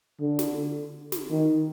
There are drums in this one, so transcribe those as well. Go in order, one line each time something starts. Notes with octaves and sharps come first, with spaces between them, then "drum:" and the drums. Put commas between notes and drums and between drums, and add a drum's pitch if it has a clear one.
D3
drum: snare
drum: snare
D#3